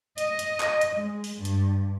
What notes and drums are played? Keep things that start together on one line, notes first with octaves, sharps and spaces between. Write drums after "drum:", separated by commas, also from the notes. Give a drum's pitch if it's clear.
D#5, drum: hi-hat
drum: hi-hat
drum: clap
drum: hi-hat
G#3
drum: open hi-hat
G2
drum: hi-hat